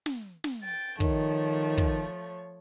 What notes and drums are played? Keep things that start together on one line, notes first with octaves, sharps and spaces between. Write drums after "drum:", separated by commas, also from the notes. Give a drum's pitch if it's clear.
drum: snare
drum: snare
G5 A6
D#3 F3 A3 C#5, drum: kick
drum: kick